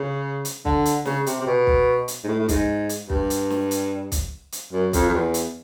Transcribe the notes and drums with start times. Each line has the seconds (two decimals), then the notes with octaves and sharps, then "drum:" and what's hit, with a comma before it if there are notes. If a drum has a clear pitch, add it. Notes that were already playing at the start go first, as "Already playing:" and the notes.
Already playing: C#3
0.45 drum: hi-hat
0.65 D3, drum: kick
0.85 drum: hi-hat
1.05 C#3, drum: snare
1.26 C3, drum: hi-hat
1.40 C3
1.47 B2
1.67 drum: kick
2.08 drum: hi-hat
2.24 G#2
2.28 A2
2.39 A2
2.49 G#2, drum: kick, hi-hat
2.89 drum: hi-hat
3.10 G2, drum: kick
3.30 drum: hi-hat
3.50 drum: snare
3.71 drum: hi-hat
4.12 drum: kick, hi-hat
4.52 drum: hi-hat
4.73 F#2
4.93 F2, drum: kick, hi-hat
5.09 F2
5.14 E2
5.34 drum: hi-hat